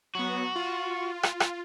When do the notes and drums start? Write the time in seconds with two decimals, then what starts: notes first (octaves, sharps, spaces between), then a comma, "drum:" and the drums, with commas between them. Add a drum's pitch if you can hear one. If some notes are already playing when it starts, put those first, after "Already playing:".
0.15 F#3 B3 F#4
0.56 F4
1.23 drum: rim click
1.40 drum: rim click